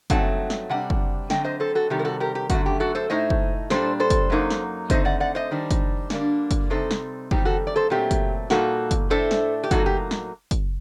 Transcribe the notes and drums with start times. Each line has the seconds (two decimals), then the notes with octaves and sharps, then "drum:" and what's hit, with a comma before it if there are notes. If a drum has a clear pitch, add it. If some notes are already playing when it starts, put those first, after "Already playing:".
0.10 G2 F#3 A3 C4 D#4 F#5 A5, drum: kick, hi-hat
0.50 drum: snare
0.69 C3 G3 D4 F#5 A5
0.90 drum: kick
1.30 D3 F#3 C4 D#5 G5, drum: snare
1.45 C5 D#5
1.60 A4 C5
1.75 F#4 A4
1.90 C3 D#3 G3 G4
1.99 A#4
2.05 F#4 A4
2.20 G4 A#4
2.35 G4
2.50 F#2 D3 A3 F#4, drum: kick, hi-hat
2.66 G4
2.80 F#4 A4
2.95 A4 C5
3.10 A2 A3 D#4 C5 D#5
3.30 drum: kick
3.70 A#2 G3 D4 A4 C5, drum: snare
4.00 A4 C5
4.10 drum: kick, hi-hat
4.30 F#2 F#3 A#3 D#4
4.50 drum: snare
4.90 D3 A3 C4 D#4 C5 D#5, drum: kick, hi-hat
5.05 D5 F#5
5.20 D5 F#5
5.35 C5 D#5
5.51 D#3 G3 D4
5.71 drum: kick, hi-hat
6.10 D3 G3 A#3 D4, drum: snare
6.51 drum: kick, hi-hat
6.70 C3 G3 C4 D#4 A4 C5
6.91 drum: snare
7.31 D#3 G3 C4 D#4 G4, drum: kick
7.45 F#4 A4
7.67 D5
7.76 A4 C5
7.90 A#2 F#3 A3 C4 G4
8.11 drum: kick, hi-hat
8.50 A#2 G3 A#3 D#4 F#4 A4, drum: snare
8.91 drum: kick, hi-hat
9.10 A2 A3 D4 A4 C5
9.31 drum: snare
9.63 G4
9.71 A2 F#3 A#3 D#4 F#4 A4, drum: kick, hi-hat
9.86 G4
10.11 drum: snare
10.51 drum: kick, hi-hat